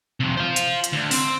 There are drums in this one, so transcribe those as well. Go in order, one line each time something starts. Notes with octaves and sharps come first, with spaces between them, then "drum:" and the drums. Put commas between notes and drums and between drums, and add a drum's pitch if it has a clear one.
C3 F3
C5 F5
drum: hi-hat
drum: hi-hat
D2
C4, drum: open hi-hat